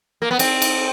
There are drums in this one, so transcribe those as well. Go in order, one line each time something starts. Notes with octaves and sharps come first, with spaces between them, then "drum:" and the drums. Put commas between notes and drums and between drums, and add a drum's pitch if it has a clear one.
A#3
B3
C4, drum: cymbal
drum: cymbal